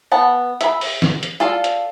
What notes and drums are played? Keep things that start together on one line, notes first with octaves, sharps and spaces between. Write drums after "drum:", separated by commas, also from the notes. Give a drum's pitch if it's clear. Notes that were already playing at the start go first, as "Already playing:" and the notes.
B3 F#5 A5
E5 B5, drum: hi-hat
drum: open hi-hat
drum: snare
drum: hi-hat
F4 A4 D5 F5
drum: hi-hat